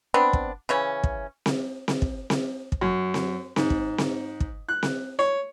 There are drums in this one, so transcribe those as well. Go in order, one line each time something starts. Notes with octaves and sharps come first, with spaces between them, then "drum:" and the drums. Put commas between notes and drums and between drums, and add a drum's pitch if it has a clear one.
B3 C4 D4
drum: kick
C#3 E3 C#4
drum: kick
drum: snare C4
drum: snare C4
drum: kick
drum: snare C4
drum: kick
F#2
drum: snare C4
G#2, drum: snare C4
drum: kick
drum: snare C4
drum: kick
F#6
drum: snare C4
C#5